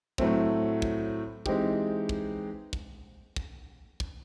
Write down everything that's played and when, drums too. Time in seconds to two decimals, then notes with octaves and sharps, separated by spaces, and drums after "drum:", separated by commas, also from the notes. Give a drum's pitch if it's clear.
0.18 A2 F#3 A3 C4, drum: kick
0.82 drum: kick
1.46 E3 G#3 C4 D#4 G4, drum: kick
2.09 drum: kick
2.73 drum: kick
3.36 drum: kick
4.00 drum: kick